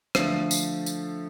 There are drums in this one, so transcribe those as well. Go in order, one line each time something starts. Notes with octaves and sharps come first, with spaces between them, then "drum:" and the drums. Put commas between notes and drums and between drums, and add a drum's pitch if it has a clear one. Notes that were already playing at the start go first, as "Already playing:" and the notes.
D3 F3 A3 C7, drum: rim click
drum: tambourine
drum: tambourine